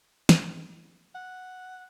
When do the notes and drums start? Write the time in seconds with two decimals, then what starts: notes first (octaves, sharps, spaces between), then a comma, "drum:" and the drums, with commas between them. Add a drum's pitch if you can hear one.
0.29 drum: snare
1.15 F#5